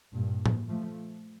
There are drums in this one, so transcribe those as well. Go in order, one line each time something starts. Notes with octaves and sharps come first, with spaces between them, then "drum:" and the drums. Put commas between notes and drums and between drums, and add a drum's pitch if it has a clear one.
G2 A#2
drum: tom A2
F3 A3